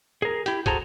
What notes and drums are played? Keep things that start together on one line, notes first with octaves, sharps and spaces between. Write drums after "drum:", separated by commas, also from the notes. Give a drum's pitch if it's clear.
G#4 A#4
E4 G4, drum: hi-hat
F#4 G#4 A4 C5 A5 A#5, drum: kick, hi-hat